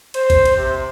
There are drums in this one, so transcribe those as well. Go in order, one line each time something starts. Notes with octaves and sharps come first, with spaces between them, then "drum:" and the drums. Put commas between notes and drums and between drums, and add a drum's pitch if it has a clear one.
C5, drum: cymbal
drum: kick A1, cymbal
drum: cymbal
C3